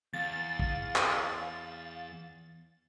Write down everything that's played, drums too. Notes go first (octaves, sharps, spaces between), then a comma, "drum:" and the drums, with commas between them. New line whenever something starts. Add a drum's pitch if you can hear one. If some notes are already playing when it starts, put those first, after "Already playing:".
E2 F5 A6
drum: kick
drum: clap